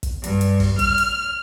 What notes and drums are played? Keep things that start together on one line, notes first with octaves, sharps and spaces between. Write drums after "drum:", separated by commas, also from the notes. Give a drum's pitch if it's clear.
drum: kick, hi-hat
G2, drum: hi-hat
drum: hi-hat
drum: kick, open hi-hat
F6, drum: kick, hi-hat
drum: hi-hat